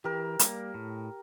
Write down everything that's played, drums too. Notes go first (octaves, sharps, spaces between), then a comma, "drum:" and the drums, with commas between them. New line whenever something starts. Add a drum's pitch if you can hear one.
E3 G4 A#4
G3 A#3, drum: hi-hat
A2